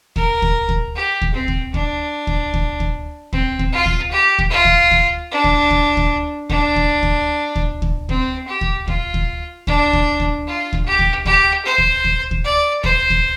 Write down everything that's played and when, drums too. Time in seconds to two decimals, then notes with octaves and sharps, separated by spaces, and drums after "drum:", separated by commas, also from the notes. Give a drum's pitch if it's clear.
0.16 A#4, drum: kick
0.42 drum: kick
0.69 drum: kick
0.95 G4
1.22 drum: kick
1.34 C4
1.48 drum: kick
1.74 D4, drum: kick
2.27 drum: kick
2.54 drum: kick
2.80 drum: kick
3.33 C4, drum: kick
3.59 drum: kick
3.73 F4
3.86 drum: kick
4.12 G4
4.39 drum: kick
4.51 F4
4.65 drum: kick
4.91 drum: kick
5.31 D4
5.44 drum: kick
5.71 drum: kick
5.97 drum: kick
6.50 D4, drum: kick
6.76 drum: kick
7.03 drum: kick
7.56 drum: kick
7.82 drum: kick
8.09 C4, drum: kick
8.48 G4
8.61 drum: kick
8.88 F4, drum: kick
9.14 drum: kick
9.67 D4, drum: kick
9.93 drum: kick
10.20 drum: kick
10.47 F4
10.73 drum: kick
10.86 G4
10.99 drum: kick
11.25 G4, drum: kick
11.65 C5
11.78 drum: kick
12.05 drum: kick
12.31 drum: kick
12.45 D5
12.84 C5, drum: kick
13.10 drum: kick